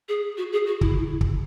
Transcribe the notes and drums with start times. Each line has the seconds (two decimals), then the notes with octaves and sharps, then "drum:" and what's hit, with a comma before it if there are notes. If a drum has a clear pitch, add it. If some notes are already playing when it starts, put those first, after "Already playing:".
0.09 G#4
0.38 F#4
0.52 G#4
0.66 F#4
0.81 E4, drum: kick
1.21 drum: kick